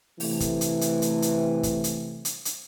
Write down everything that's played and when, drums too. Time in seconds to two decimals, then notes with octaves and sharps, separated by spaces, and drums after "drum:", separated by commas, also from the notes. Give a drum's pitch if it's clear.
0.20 C3 E3 A3, drum: open hi-hat
0.40 drum: kick, hi-hat
0.61 drum: hi-hat
0.81 drum: hi-hat
1.02 drum: hi-hat
1.22 drum: hi-hat
1.63 drum: kick, hi-hat
1.84 drum: hi-hat
2.25 drum: hi-hat
2.45 drum: hi-hat